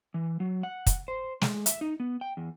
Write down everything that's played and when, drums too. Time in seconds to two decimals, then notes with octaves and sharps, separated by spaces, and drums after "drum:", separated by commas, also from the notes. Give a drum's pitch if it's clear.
0.14 E3
0.40 F#3
0.63 F#5
0.87 drum: kick, hi-hat
1.08 C5
1.41 G#3, drum: snare
1.66 E5, drum: hi-hat
1.81 D#4
2.00 B3
2.21 G5
2.37 E2